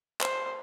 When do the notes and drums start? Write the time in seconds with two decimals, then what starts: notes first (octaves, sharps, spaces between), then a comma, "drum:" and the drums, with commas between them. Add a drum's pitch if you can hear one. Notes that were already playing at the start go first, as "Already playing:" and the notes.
0.21 C5, drum: clap